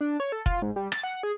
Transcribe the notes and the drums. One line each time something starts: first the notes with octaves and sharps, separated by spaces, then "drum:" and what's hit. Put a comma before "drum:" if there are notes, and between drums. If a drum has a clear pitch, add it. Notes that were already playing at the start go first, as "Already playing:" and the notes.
D4
C#5
A4
F4, drum: kick F1
G#2
G3
A6, drum: rim click
F#5
G#4